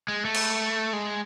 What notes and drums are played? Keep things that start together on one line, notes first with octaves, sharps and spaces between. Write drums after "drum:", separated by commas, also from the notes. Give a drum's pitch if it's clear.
G#3
A3
drum: cymbal
G#3